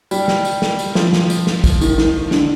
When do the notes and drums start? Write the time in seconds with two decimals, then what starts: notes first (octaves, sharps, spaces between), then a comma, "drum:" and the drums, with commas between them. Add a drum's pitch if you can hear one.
0.11 G3, drum: tambourine
0.28 drum: snare
0.45 drum: tambourine
0.62 drum: snare
0.79 drum: tambourine
0.95 F3, drum: snare
1.13 drum: snare
1.30 drum: tambourine
1.47 drum: snare
1.64 drum: kick, tambourine
1.81 D#3, drum: tambourine
1.98 D#3, drum: snare
2.31 D3, drum: snare